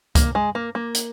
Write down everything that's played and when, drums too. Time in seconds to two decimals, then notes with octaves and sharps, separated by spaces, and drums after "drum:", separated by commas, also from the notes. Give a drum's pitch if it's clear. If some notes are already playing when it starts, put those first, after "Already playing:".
0.15 A#3, drum: kick, hi-hat
0.35 G#3
0.55 A#3
0.75 A#3
0.95 drum: hi-hat